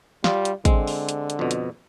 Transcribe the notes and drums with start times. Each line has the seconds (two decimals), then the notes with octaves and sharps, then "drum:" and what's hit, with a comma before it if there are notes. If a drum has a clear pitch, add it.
0.24 G3 F4, drum: snare
0.45 drum: hi-hat
0.65 D3 G#3 C4, drum: kick, hi-hat
0.87 drum: open hi-hat
1.09 drum: hi-hat
1.30 drum: hi-hat
1.39 F2 B2
1.51 drum: hi-hat